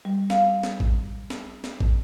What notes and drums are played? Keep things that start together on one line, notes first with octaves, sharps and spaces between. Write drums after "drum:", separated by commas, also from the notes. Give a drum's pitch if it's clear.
G3
F5, drum: snare
drum: snare
drum: kick A1
drum: snare
drum: snare
drum: kick A1